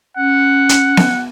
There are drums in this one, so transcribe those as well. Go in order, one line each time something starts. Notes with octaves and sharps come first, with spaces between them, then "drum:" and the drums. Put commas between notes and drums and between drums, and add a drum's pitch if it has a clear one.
C#4 F#5
drum: hi-hat
drum: snare B3